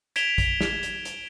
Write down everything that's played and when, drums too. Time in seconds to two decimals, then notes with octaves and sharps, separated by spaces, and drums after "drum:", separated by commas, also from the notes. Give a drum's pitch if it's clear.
0.16 G#6 B6 D7 E7 F7 G7, drum: hi-hat
0.38 drum: kick, hi-hat
0.61 drum: snare
0.83 drum: hi-hat
1.05 drum: hi-hat